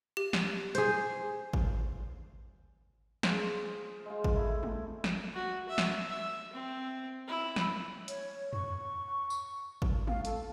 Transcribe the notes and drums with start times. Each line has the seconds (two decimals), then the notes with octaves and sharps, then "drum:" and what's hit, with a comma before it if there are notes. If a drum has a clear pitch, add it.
0.17 G4
0.33 drum: snare
0.75 G#4 C5, drum: hi-hat
1.53 drum: kick G#1
3.23 F4 G#4 C5, drum: snare
4.06 G#3 F4
4.24 drum: kick G#1
4.36 A3 E4
4.63 drum: tom
5.04 drum: snare
5.34 F#4
5.69 E5
5.78 drum: snare
6.07 E5
6.53 C4
7.28 E4
7.56 drum: snare
8.08 C#5, drum: hi-hat
8.53 C#6, drum: tom
9.30 drum: tambourine
9.82 drum: kick G#1
10.07 F5, drum: tom
10.25 A4, drum: hi-hat